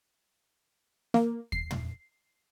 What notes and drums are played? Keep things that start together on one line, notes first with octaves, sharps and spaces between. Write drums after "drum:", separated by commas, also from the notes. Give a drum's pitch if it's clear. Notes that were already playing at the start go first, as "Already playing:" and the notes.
A#3, drum: snare
C7, drum: kick
drum: tom